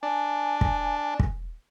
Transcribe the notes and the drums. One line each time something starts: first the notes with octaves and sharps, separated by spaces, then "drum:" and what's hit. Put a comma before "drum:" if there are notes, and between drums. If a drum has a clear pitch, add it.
D4 G#5
drum: kick
drum: kick